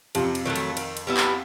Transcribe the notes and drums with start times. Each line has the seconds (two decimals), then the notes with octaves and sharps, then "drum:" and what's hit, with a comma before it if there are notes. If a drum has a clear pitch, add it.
0.15 F2 C3 F3, drum: cymbal
0.35 drum: cymbal
0.45 D#3 F#3 A3
0.56 drum: cymbal
0.77 D#3, drum: cymbal
0.97 drum: cymbal
1.07 G3 B3 E4
1.17 drum: clap